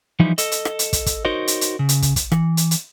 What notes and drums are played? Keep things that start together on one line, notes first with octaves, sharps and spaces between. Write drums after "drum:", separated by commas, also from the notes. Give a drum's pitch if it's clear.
E3 F3 G3 D#4 E4
A4 D#5, drum: hi-hat
drum: hi-hat
drum: rim click
drum: hi-hat
drum: kick, hi-hat
drum: kick, hi-hat
D#4 F#4 A#4 C5 C#5 D#5
drum: hi-hat
drum: hi-hat
C#3
drum: hi-hat
drum: kick, hi-hat
drum: kick, hi-hat
E3, drum: rim click
drum: hi-hat
drum: hi-hat